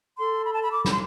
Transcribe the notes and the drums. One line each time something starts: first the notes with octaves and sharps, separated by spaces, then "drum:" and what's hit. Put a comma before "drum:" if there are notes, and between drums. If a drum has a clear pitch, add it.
A4 C6
B5
A5
B5
D6
B5, drum: snare
C6